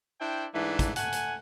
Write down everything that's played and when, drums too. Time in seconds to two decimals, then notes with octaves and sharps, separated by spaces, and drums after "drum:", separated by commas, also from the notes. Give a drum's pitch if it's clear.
0.20 D4 E4 C5 G5
0.54 G#2 E3 A3 D4
0.79 drum: kick, hi-hat
0.96 A3 F#5 G#5, drum: hi-hat
1.12 drum: hi-hat